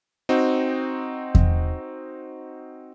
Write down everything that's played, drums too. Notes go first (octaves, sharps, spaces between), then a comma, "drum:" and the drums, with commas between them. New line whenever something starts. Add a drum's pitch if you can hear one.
C4 D#4 F#4
drum: kick E2